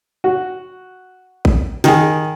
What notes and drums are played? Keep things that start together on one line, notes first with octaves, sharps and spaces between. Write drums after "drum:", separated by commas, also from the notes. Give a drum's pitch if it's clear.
F#4
drum: kick A#1
D#3 G#4, drum: snare